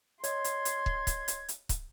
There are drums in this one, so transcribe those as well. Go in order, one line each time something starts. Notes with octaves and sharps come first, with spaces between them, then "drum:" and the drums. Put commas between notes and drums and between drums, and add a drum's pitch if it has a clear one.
C#5 D#5 C6 G#6, drum: hi-hat
drum: hi-hat
drum: hi-hat
drum: kick
drum: kick, hi-hat
drum: hi-hat
drum: hi-hat
drum: kick, hi-hat